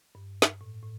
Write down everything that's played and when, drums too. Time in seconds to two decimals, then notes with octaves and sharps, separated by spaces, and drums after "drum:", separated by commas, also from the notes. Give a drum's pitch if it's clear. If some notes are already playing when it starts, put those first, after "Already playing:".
0.15 G2
0.42 drum: snare
0.61 A2
0.83 A2